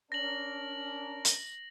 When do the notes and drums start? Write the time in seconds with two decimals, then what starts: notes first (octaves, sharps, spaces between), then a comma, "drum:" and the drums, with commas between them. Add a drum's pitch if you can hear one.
0.12 C#4 D4 A#4 A#6 F#7
1.25 drum: hi-hat